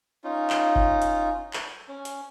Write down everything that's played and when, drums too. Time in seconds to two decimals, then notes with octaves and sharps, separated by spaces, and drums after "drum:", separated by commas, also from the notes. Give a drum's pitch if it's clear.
0.24 C#4 D#4 F4
0.50 drum: clap
0.76 drum: kick F#1
1.02 drum: hi-hat
1.53 drum: clap
1.88 C#4
2.05 drum: hi-hat